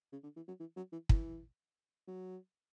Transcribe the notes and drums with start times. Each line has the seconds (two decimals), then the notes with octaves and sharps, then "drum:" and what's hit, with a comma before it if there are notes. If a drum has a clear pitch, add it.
0.12 C#3
0.23 D3
0.36 E3
0.48 F#3
0.60 E3
0.76 F#3
0.92 E3
1.09 E3, drum: kick
2.07 F#3